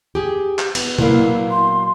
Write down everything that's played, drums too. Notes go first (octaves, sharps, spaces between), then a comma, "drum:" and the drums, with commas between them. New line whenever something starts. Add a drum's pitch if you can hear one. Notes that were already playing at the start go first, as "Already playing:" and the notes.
G4 G#4
drum: clap
B3, drum: cymbal
A#2 F#3 A#3 E4, drum: tom
C6